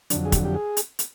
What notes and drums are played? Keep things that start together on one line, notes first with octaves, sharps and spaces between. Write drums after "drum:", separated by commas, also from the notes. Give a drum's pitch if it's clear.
F2 D3 F#3 D4, drum: hi-hat
G#4
G4, drum: kick, hi-hat
G4
G#4
drum: hi-hat
drum: hi-hat